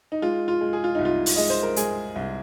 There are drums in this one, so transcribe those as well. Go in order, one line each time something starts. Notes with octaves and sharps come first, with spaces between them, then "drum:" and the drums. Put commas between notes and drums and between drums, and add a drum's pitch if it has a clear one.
D#4
G#3 F4
F4
G#3
G#4
F4
C2 D#4
F4
drum: open hi-hat
G#3 D#5
C5
A#4
G#3 G#4, drum: hi-hat
C2